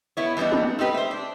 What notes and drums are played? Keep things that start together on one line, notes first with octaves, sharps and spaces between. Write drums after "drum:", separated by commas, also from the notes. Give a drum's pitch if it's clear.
B3 E4 C#5
E3 G3 B3 D4 D#4
drum: tom
C4 D#4 G4 B4
C5 E5
D4